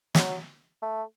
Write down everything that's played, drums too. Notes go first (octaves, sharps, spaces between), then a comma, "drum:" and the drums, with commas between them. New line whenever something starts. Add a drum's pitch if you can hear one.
F#3, drum: snare
A3